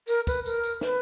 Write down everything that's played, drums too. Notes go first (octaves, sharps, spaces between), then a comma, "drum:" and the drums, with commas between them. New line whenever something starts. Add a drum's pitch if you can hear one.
A#4, drum: tambourine
B4, drum: kick, tambourine
A#4, drum: tambourine
drum: tambourine
B4, drum: snare